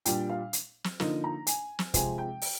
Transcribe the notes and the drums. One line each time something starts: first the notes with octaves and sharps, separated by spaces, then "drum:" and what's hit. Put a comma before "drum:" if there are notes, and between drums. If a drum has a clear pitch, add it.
A#2 G3 D4 G5, drum: hi-hat
F5
drum: hi-hat
drum: snare
D3 F3 A#3 D#4 D#5, drum: snare
A#5
G#5, drum: hi-hat
drum: snare
C3 F3 G#3 C4 G#5, drum: kick, hi-hat
G5
drum: open hi-hat